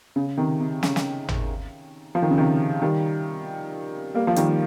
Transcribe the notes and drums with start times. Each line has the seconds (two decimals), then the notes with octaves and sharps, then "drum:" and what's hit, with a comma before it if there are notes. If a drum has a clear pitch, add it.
0.16 C#3
0.37 C3 D#3
0.60 C3
0.83 C#3, drum: snare
0.96 drum: snare
1.28 drum: tom
2.15 F3
2.22 D#3
2.31 C#3
2.37 C3 D#3
2.82 D#3 G3
4.14 G3 A#3
4.27 F3
4.36 D#3 G3, drum: hi-hat